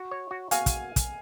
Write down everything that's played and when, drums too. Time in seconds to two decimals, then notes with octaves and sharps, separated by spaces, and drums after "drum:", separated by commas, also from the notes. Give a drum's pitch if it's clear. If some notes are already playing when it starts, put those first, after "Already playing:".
Already playing: F#4
0.11 C#5
0.31 F#4
0.51 F#4 F5 G#5, drum: hi-hat
0.66 drum: kick, hi-hat
0.96 drum: kick, hi-hat